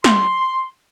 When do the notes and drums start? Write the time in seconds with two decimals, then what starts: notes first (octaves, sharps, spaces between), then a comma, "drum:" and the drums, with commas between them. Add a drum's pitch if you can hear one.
0.04 C6, drum: snare